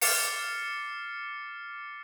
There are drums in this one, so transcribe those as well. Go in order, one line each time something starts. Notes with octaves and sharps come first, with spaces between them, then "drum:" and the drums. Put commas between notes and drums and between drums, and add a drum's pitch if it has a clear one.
D6 F6 A6 C7 C#7, drum: open hi-hat